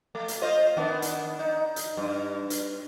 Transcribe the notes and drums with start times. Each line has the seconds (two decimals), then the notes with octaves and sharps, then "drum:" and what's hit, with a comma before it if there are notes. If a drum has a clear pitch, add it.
0.15 A3
0.28 drum: hi-hat
0.41 F4 C5 D#5
0.77 D#3 B3 D4
1.02 drum: hi-hat
1.39 D#4
1.76 drum: hi-hat
1.97 G2
2.50 drum: hi-hat